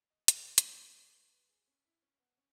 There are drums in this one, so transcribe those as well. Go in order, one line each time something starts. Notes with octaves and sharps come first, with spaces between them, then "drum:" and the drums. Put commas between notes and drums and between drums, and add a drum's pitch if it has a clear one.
D#5
B4, drum: hi-hat
drum: hi-hat
B4
A4
G#4
A4
B4
B4
G#4
C#4
E4
C#4
B3
C#4